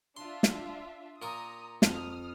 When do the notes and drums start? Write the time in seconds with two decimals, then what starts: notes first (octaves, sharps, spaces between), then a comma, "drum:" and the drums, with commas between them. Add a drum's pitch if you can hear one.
0.17 D4 F4 E5 C6
0.43 drum: snare
1.22 A#2 A#4 A#5 D#6
1.82 F2 D#6 F6, drum: snare